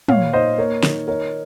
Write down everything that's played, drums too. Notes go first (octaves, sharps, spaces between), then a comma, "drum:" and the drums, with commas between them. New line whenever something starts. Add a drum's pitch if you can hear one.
A#2 C#5 F5, drum: tom
D#4 C5 D#5
A#3 A#4 C#5
D#3, drum: snare
D#4 A#4 C#5